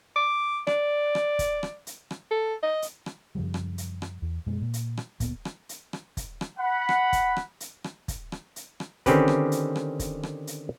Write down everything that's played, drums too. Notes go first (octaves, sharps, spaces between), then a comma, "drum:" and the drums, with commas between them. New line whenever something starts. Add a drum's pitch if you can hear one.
D6
D5, drum: rim click
drum: rim click
drum: kick, hi-hat
drum: rim click
drum: hi-hat
drum: rim click
A4
D#5
drum: hi-hat
drum: rim click
F#2 C#3 F3 G3
drum: rim click
drum: hi-hat
drum: rim click
E2
F#2 B2 G#3
A#2
drum: hi-hat
drum: rim click
D1 A#2 B3, drum: kick, hi-hat
drum: rim click
drum: hi-hat
drum: rim click
drum: kick, hi-hat
drum: rim click
F#5 B5
drum: rim click
drum: kick, hi-hat
drum: rim click
drum: hi-hat
drum: rim click
drum: kick, hi-hat
drum: rim click
drum: hi-hat
drum: rim click
D3 D#3 C4 C#4 G4 B4, drum: kick, hi-hat
drum: rim click
drum: hi-hat
drum: rim click
drum: kick, hi-hat
drum: rim click
drum: hi-hat